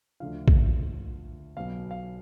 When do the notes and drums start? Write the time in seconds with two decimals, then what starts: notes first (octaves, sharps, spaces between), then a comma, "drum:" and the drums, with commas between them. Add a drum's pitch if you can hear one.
0.20 D2 D3 F3 F5
0.48 drum: kick A#1
1.57 B1 B2 F5
1.91 F5